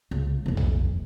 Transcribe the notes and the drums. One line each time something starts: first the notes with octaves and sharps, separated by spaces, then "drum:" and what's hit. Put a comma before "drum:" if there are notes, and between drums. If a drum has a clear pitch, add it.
C#2
D#1 F2
drum: tom B1